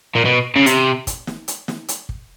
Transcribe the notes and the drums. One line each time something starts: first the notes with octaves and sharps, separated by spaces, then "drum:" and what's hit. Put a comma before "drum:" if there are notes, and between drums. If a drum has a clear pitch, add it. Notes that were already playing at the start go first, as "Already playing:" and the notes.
A#2
B2
C#3
C3, drum: hi-hat
drum: kick, hi-hat
drum: snare
drum: hi-hat
drum: snare
drum: hi-hat
drum: kick